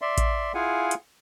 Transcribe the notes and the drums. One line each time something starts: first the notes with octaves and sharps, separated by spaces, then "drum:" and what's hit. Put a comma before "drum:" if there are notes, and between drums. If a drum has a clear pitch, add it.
D5 E5 C6
drum: kick A1, hi-hat
E4 F4 G#4 F5 F#5 G#5
drum: hi-hat